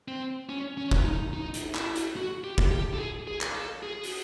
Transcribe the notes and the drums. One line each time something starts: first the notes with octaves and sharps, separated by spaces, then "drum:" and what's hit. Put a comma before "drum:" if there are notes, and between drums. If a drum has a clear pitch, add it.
C4
C#4
C#4
drum: kick
D#4
D#4
drum: hi-hat
E4, drum: clap
drum: hi-hat
F#4
G4
drum: kick
G4
A4
G#4
G#4
drum: clap
A4
G#4
drum: open hi-hat